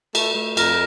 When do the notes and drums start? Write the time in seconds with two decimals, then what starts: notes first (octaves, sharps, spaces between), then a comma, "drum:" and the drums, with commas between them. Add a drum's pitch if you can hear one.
0.15 A3, drum: cymbal
0.35 A3
0.57 F2 A#4, drum: cymbal